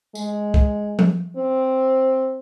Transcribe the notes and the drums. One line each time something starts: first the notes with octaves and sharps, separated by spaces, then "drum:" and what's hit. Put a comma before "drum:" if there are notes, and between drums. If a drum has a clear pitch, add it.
G#3, drum: tambourine
drum: kick
drum: tom
C4